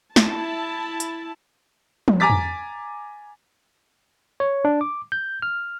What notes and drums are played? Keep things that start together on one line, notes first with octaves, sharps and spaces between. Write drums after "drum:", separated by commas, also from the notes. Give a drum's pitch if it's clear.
E4 A5, drum: snare
drum: hi-hat
drum: tom
G#5 A#5 D6 A6 B6
drum: tom
C#5
D4
D6
G6
F6